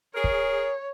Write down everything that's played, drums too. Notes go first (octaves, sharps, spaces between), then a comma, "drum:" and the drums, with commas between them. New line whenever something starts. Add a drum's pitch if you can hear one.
G#4 A#4 C#5
drum: kick